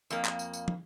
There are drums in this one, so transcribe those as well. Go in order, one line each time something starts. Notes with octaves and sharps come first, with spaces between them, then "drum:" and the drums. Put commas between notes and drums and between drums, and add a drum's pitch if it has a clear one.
F2 A#3, drum: tambourine
drum: clap
drum: tambourine
drum: tambourine
drum: tom